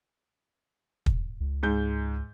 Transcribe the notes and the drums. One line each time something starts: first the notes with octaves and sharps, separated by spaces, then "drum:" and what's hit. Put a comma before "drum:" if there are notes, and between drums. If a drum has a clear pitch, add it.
drum: kick
C#2
G#2 G6